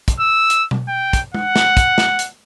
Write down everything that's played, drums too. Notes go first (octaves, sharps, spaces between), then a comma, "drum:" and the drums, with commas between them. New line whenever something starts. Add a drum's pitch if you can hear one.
drum: kick, hi-hat
E6
drum: hi-hat
drum: tom B2
G5
drum: kick, hi-hat
F#5, drum: tom
drum: snare
drum: kick, hi-hat
drum: snare
drum: hi-hat